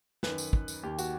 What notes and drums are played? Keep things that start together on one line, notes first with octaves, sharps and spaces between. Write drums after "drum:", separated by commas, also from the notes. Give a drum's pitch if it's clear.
F#2 D#3 B4, drum: snare
drum: tambourine
drum: kick
drum: tambourine
D#2 D#3 G4
F#4, drum: tambourine